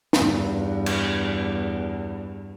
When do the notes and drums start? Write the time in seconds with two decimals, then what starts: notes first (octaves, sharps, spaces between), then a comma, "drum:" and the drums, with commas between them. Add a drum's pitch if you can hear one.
0.13 E2 G2, drum: snare
0.86 drum: cymbal